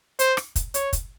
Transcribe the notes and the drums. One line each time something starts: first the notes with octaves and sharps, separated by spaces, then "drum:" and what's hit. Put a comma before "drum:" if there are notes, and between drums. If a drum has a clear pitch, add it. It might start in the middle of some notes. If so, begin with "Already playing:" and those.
C5, drum: hi-hat
drum: rim click
drum: kick, hi-hat
C#5, drum: hi-hat
drum: kick, hi-hat